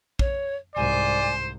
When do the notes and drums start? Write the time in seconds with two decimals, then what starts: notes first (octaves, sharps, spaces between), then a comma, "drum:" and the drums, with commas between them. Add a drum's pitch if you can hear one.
0.19 C#5, drum: kick
0.76 C2 G#2 C5 D5 G#5